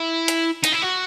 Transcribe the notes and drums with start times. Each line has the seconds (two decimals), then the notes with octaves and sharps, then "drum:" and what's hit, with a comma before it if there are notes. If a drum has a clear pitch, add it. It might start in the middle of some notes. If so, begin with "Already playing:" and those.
Already playing: E4
0.28 drum: hi-hat
0.64 D#4, drum: hi-hat
0.73 E4
0.83 F#4